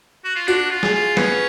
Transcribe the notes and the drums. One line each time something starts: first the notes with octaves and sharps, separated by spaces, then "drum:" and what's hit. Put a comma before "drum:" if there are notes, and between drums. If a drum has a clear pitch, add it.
F#4
F4
D4 F#4, drum: tambourine
F4
G#4, drum: snare
F4
B3 C#4, drum: snare